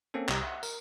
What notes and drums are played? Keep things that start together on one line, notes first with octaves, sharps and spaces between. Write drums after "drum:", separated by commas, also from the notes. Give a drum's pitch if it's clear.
A#3 C4 C#4 A4
C2 G4 A#5, drum: clap
E5 F#5
A#4, drum: tambourine